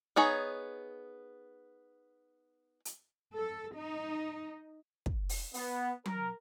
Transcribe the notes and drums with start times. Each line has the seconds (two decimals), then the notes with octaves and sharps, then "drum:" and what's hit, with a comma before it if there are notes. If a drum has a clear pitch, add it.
0.16 B3 D#4 G#4 C#5
2.85 drum: hi-hat
3.35 A4
3.76 D#4
5.06 drum: kick
5.29 drum: open hi-hat
5.54 B3, drum: open hi-hat
6.06 A#4, drum: tom F#3